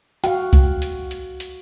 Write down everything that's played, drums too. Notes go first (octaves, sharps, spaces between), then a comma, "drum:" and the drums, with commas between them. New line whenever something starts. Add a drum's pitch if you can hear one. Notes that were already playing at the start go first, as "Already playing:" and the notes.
F#4 F5 G5, drum: hi-hat
drum: kick C2, hi-hat
drum: hi-hat
drum: hi-hat
drum: hi-hat